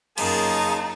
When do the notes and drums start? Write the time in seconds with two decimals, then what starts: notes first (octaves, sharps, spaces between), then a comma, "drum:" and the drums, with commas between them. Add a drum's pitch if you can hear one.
0.18 F#2 C#3 A#3 D#4 F4 G#4 A5, drum: cymbal